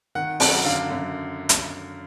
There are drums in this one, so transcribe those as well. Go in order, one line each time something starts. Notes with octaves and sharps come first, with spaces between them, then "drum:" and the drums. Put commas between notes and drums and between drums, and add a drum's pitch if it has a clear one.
D#3 F#5
F#2 F#5, drum: open hi-hat
D3 F5
F#2
drum: hi-hat